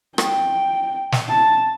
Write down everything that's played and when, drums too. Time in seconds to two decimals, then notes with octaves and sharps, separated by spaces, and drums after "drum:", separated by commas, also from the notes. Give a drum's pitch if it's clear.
0.18 G5, drum: rim click
1.12 drum: snare
1.29 A5